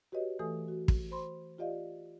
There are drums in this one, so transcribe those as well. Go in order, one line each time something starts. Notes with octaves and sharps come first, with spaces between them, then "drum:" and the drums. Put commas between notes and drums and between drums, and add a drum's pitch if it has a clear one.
F#4 G4 B4 C#5 D#5
E3 A3 A4 G#5 D#6
F#4
drum: kick
C5 B5 C6
F4 G4 D5 D#5 F5